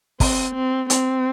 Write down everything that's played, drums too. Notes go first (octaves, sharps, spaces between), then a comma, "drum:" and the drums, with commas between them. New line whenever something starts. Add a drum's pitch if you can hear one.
C4, drum: kick, open hi-hat
C4
C4, drum: hi-hat